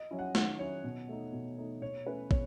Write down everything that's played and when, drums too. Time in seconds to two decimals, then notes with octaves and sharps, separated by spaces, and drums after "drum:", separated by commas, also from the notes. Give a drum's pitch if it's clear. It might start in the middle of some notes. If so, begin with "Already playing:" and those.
Already playing: D#5
0.11 F#3 C#4 E4
0.19 F#5
0.35 D#3 F#5, drum: snare
0.59 F#3 C#4 E4 C#5
0.84 B2
1.08 A3 D#4
1.33 B2
1.58 A3 D#4
1.82 B2 C#5
2.06 A3 C#4 E4 B4
2.31 B2 C#5, drum: kick